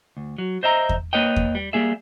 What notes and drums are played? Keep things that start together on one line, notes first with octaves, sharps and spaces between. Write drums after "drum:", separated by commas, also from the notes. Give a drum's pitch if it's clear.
D2
F#3
C5 D#5 E5 A#5
drum: kick E2
A#3 B4 C#5 D#5 G5
drum: kick E2
G3
G3 A#3 G#4 E5